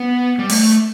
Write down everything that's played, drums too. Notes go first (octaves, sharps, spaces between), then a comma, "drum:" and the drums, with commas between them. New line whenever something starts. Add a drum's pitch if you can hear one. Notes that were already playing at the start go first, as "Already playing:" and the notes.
Already playing: B3
G3
A3, drum: open hi-hat